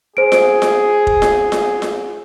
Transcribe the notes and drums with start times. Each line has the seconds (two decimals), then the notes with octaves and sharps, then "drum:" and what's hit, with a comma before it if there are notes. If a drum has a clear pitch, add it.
0.17 G#4 C5 D7
0.32 drum: snare F4
0.62 drum: snare F4
1.07 drum: kick F1
1.22 drum: snare F4
1.52 drum: snare F4
1.82 drum: snare F4